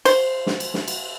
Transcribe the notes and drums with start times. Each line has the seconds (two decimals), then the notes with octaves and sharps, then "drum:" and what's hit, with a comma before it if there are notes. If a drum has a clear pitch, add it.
0.05 C5, drum: cymbal
0.47 drum: snare
0.60 drum: cymbal
0.74 drum: snare
0.88 drum: cymbal